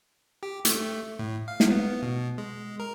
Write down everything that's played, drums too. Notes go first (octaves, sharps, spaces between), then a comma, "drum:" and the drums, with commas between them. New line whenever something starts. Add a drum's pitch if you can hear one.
G4
A3, drum: hi-hat
A2
F5
drum: snare
B3
B2
G#3
A#4